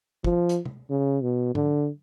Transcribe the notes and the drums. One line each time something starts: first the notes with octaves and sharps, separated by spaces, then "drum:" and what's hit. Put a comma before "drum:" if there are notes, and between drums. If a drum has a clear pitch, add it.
F3, drum: kick
drum: hi-hat
drum: tom
C#3
B2
D3, drum: tom G#2